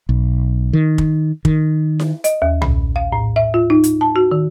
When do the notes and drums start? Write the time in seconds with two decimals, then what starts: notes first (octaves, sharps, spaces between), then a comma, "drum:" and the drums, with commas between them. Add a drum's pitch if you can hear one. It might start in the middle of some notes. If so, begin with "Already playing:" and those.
0.09 B1
0.73 D#3
0.98 drum: kick
1.45 D#3, drum: kick
1.99 drum: snare E4
2.24 D#5, drum: hi-hat
2.42 D#2
2.62 A#2, drum: tom
2.96 F5
3.12 A2
3.36 E5
3.54 F4
3.70 D#4
3.84 drum: hi-hat
4.01 A5
4.16 F#4
4.31 D#3